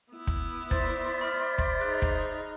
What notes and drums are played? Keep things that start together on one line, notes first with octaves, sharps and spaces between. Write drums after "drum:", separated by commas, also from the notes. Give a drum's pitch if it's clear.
B3 E4
drum: kick
C5 D5 E5 C6 A6, drum: kick
B5 F6
drum: kick
D#4 G#4 F#6
drum: kick